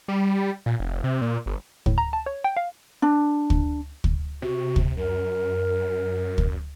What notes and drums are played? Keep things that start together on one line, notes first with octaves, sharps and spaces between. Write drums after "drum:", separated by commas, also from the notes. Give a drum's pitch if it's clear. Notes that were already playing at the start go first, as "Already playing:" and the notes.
G3
A#2
F1
C3
A#2
G1
A2, drum: kick
A#5
A5
C#5
G5
F5
D4
drum: kick
drum: kick
C3 F#4
drum: kick
F#2 A#4
drum: kick